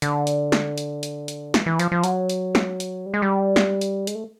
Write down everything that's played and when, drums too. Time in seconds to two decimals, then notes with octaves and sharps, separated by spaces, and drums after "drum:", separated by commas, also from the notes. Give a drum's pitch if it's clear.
0.02 D3, drum: hi-hat
0.27 drum: hi-hat
0.52 drum: snare
0.78 drum: hi-hat
1.03 drum: hi-hat
1.28 drum: hi-hat
1.54 E3, drum: snare
1.66 E3
1.79 F3, drum: hi-hat
1.92 F3
2.04 F#3, drum: hi-hat
2.29 drum: hi-hat
2.55 drum: snare
2.80 drum: hi-hat
3.06 G3
3.14 G#3
3.22 G3
3.56 drum: snare
3.81 drum: hi-hat
4.07 G#3, drum: hi-hat
4.15 A3